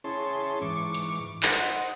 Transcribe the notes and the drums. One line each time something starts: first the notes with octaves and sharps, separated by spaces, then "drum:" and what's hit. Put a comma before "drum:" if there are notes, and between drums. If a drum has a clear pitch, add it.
C#4 E4 G#4 C#5 A5 C6
G#2 E3 C#6 D6
drum: hi-hat
C5 D#5 F#5, drum: clap